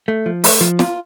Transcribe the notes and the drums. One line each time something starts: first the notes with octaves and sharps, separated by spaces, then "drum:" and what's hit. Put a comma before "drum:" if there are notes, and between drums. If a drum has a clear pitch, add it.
A3
F3
A3, drum: open hi-hat
F3
F4, drum: snare